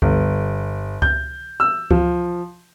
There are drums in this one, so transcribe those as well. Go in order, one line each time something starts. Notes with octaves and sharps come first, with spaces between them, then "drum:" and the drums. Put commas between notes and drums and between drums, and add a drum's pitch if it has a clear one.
G1, drum: kick C#2
G6, drum: kick C#2
E6
F3, drum: kick C#2